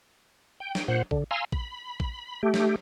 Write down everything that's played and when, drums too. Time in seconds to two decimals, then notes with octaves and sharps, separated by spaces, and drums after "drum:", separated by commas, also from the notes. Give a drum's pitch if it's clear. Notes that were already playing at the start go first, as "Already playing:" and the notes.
0.60 G5
0.75 drum: snare
0.88 A#2 C5 F#5
1.11 D3, drum: kick A#1
1.31 F5 G#5 A#5 C6 E6
1.52 B5, drum: kick A#1
2.00 drum: kick A#1
2.43 A3 G4
2.54 drum: snare